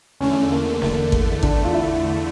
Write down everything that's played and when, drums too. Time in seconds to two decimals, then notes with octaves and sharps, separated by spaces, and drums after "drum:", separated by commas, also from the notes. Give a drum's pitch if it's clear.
0.20 E2 D3 A3 C#4
0.51 A#3
0.82 A#3, drum: snare
1.12 drum: kick
1.43 D4, drum: kick
1.64 F4
1.74 E4